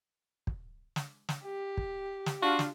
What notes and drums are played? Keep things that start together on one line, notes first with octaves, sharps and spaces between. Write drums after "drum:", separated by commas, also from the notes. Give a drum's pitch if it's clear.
drum: kick
drum: snare
drum: snare
G4
drum: kick
drum: snare
D4 F4 F#4
drum: snare